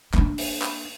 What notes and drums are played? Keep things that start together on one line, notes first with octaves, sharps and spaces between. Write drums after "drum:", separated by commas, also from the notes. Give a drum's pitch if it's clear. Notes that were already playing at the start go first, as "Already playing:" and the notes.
A#3 D4, drum: clap
drum: open hi-hat
drum: clap